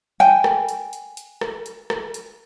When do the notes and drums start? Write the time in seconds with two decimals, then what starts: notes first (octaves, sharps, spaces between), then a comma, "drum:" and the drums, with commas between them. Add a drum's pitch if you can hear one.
0.20 G5 G#5
0.44 drum: rim click
0.69 drum: hi-hat
0.93 drum: hi-hat
1.17 drum: hi-hat
1.41 drum: rim click
1.66 drum: hi-hat
1.90 drum: rim click
2.14 drum: hi-hat